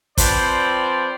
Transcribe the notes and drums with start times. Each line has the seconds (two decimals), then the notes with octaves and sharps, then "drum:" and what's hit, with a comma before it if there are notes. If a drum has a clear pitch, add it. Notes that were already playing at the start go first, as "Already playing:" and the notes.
0.18 F3 C4 B4 C5 D5, drum: kick, hi-hat